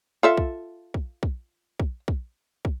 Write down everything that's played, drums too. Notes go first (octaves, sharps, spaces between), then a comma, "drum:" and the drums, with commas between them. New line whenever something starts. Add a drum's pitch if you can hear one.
F4 A4 E5
drum: kick
drum: kick
drum: kick
drum: kick
drum: kick
drum: kick